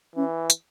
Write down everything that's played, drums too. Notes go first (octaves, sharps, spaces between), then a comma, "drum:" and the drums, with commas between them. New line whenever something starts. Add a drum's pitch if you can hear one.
E3 C#4
drum: hi-hat